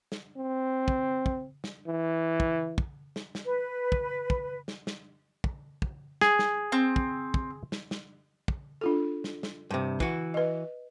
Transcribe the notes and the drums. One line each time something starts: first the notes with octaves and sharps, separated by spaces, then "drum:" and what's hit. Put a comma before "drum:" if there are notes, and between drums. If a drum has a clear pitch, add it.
drum: snare
C4
drum: kick
drum: kick
drum: snare
E3
drum: kick
drum: kick
drum: snare
drum: snare
B4
drum: kick
drum: kick
drum: snare
drum: snare
drum: kick
drum: kick
G#4, drum: snare
drum: snare
C4
drum: kick
drum: kick
drum: snare
drum: snare
drum: kick
D4 F4 A4
drum: snare
drum: snare
G2 C3
E3 F#4, drum: kick
B4 D#5